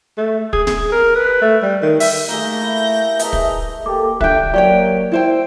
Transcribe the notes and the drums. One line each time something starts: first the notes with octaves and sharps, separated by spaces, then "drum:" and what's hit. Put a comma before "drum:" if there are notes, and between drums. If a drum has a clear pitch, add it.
A3
G#4, drum: kick
G#4, drum: snare
A#4
B4
A3
G3
D#3
E5, drum: open hi-hat
A3 A#3 G4 G#4 G6 A#6
E4
G#4 B4 C#5 D#5 E5 A5 A#5, drum: hi-hat
drum: kick
A#3 G4 A4 D6
D3 E5 G5 F#6 G6, drum: kick
F#3 A#3 G4 C#5 D5 G5
E4 C5 G5